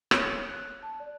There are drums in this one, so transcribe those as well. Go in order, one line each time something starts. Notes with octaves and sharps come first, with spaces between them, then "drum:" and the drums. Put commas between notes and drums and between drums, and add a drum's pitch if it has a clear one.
C#5, drum: rim click
F#6
A5
D5